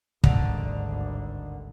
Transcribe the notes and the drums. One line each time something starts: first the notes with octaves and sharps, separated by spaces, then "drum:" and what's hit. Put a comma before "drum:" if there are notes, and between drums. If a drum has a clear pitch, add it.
G#1 D2 G2 D3 D#3, drum: kick